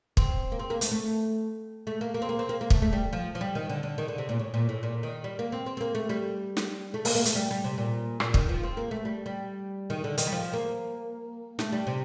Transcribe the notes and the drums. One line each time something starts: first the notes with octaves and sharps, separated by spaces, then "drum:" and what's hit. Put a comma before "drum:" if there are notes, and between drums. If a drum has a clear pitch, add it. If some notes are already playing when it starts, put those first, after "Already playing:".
C4, drum: kick
A#3
C4
A#3
A3, drum: hi-hat
A3
A3
A#3
A#3
C4
A#3
C4
A#3
A#3
A3, drum: kick
A3
G3
F3
F3
G3
D#3
D3
D3
D#3
D3
C3
A#2
A2
A#2
A2
A#2
D#3
G3
A#3
C4
C4
C4
A#3
A3
G3
drum: snare
A3
A#3, drum: open hi-hat
A#3
A3, drum: hi-hat
G3
G3
C3
A#2
A#2, drum: rim click
D#3, drum: kick
F3
C4
A#3
A3
G3
G3
D#3
D3
D#3, drum: hi-hat
G3
F3
A#3
A3, drum: snare
G3
C3